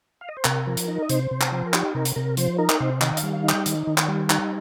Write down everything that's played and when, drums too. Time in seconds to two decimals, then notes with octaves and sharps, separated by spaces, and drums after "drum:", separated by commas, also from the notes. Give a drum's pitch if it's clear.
0.21 F5
0.29 D#5
0.37 C5
0.45 C3 A#4, drum: clap
0.67 F3
0.77 drum: hi-hat
0.88 D#4
1.02 D#5
1.09 C3 C5, drum: hi-hat
1.31 C3
1.41 drum: clap
1.52 F3
1.66 A#4
1.74 D#4 G4, drum: clap
1.95 C3 A#4
2.05 drum: hi-hat
2.16 C3 A#4
2.37 F3 C5, drum: hi-hat
2.58 D#4 A#4
2.69 drum: clap
2.80 C3 C5
3.01 D#3 D#5, drum: clap
3.13 D#5
3.17 F5, drum: hi-hat
3.23 G3
3.33 F5
3.44 D#4
3.49 G5, drum: clap
3.66 D#3, drum: hi-hat
3.87 D#3
3.98 drum: clap
4.08 G3
4.30 D#4, drum: clap